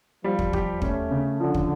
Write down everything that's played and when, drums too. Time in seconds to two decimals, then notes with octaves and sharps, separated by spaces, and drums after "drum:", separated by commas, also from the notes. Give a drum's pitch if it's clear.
0.24 F3 G3
0.39 drum: kick
0.53 G4, drum: kick
0.82 A3 C#4, drum: kick
1.11 C#3
1.40 D3 F3
1.54 drum: kick